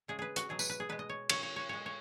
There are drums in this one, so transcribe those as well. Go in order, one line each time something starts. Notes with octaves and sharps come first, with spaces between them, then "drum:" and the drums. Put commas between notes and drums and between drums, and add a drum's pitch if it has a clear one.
C#3 G#3 G#4
G#4 B4
F#4, drum: hi-hat
B2 F#3 G#4
B4, drum: tambourine
B4
G#4
B2 G#3 B4
D#5
C#5
C#3 F#3 C#5, drum: cymbal
C#5
C#5
B2 G#3 C#5
C#5